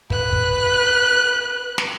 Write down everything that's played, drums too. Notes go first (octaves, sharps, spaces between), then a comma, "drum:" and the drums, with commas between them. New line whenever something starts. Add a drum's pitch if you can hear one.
B4 F#6, drum: kick
drum: kick
drum: snare